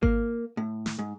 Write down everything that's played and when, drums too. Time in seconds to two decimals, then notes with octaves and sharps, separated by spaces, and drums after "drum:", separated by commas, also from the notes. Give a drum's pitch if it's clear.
0.03 A#3, drum: kick G#1
0.57 A2
0.86 drum: snare
0.99 G#2